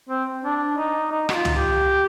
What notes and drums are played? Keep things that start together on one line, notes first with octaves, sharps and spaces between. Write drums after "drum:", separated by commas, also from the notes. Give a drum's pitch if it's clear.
C4
D4
D#4
D#4
F#4, drum: rim click
F4
drum: tom
G4